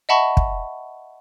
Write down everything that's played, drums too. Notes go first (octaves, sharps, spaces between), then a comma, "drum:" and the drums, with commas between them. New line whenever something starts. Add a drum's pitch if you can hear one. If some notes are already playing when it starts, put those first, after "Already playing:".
D#5 E5 F#5 A5 B5 C#6
drum: kick